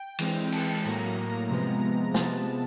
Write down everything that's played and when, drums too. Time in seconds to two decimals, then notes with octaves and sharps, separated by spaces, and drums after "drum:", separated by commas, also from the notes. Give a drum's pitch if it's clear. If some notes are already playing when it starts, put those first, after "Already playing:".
Already playing: G5
0.19 E3 G#3 C4, drum: cymbal
0.52 A5, drum: cymbal
0.85 A2 F#3 A#3 A#5
1.49 C3 F3 G#3 B3
2.14 C3 F3 G#3 B3 A5, drum: snare